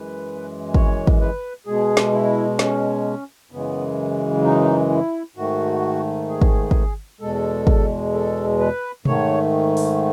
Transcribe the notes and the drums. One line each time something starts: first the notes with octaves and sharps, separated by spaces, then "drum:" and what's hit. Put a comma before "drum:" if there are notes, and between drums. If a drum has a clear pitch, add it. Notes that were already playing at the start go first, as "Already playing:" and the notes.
Already playing: F#2 E3 G#3 B4
C#5, drum: kick
drum: kick
B4
B2 G#3 G#4
drum: snare
E4
C#4, drum: snare
F#2 C#3 E3 G#3 B3
D#4
E4
G#2 D#3 A3 F#4
G#4
drum: kick
drum: kick
E2 B2 G#3 A4
drum: kick
A4
B4
G#2 D#3 A3 C#5, drum: tom B2
drum: open hi-hat